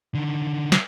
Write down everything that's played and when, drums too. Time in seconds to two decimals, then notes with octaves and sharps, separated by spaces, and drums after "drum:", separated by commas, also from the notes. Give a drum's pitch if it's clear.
0.15 D3 D#3
0.72 drum: snare